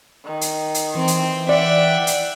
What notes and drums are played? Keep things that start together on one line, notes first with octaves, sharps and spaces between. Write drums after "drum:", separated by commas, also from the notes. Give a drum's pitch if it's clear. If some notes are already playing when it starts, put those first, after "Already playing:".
D#3
drum: hi-hat
drum: hi-hat
E3 C4
drum: hi-hat
D5 E5 F#5 G5
drum: hi-hat